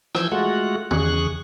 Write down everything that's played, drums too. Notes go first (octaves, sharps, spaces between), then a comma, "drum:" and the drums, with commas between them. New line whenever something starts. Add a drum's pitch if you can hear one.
E3 F3 E6 G6 G#6, drum: rim click
G#3 A3 F4 F#4 F#5
E2 C#3 G#4 C#6 F#6, drum: tom